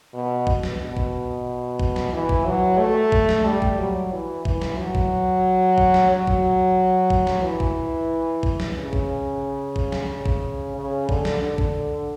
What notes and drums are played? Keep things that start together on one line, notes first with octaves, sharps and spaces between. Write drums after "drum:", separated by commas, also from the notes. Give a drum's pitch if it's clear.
B2
drum: kick A1
drum: snare
B2
drum: kick A1
drum: kick A1
drum: snare
E3
drum: kick A1
F#3
A3
drum: kick A1
drum: snare
G3
drum: kick A1
F#3
E3
E3, drum: kick A1
drum: snare
F#3
drum: kick A1
drum: kick A1
drum: snare
F#3
drum: kick A1
drum: kick A1
drum: snare
E3
drum: kick A1
drum: kick A1
drum: snare
C#3
drum: kick A1
drum: kick A1
drum: snare
drum: kick A1
C#3
D3, drum: kick A1
drum: snare
D3
drum: kick A1